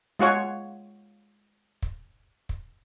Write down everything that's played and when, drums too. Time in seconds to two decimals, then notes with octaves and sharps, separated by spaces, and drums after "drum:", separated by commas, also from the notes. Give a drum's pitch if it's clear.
0.19 G#3 F4 F#4 C#5, drum: hi-hat
1.82 drum: kick
2.49 drum: kick